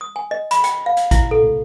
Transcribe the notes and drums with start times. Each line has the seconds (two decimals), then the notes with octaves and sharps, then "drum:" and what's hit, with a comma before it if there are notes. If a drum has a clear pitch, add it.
0.01 D#6
0.16 G#5
0.31 D#5
0.51 B5, drum: hi-hat
0.64 G5, drum: hi-hat
0.86 F5
0.97 drum: hi-hat
1.11 E4, drum: kick A1, hi-hat
1.31 A4
1.43 drum: tom